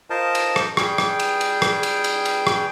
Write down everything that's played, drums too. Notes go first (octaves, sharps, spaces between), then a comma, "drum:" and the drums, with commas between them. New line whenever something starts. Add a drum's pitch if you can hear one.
F4 A#4 C5 D#5 A5
drum: cymbal
drum: rim click
G3 G#4 G5 G6, drum: rim click
drum: rim click
drum: cymbal
drum: cymbal
drum: rim click
drum: cymbal
drum: cymbal
drum: cymbal
drum: rim click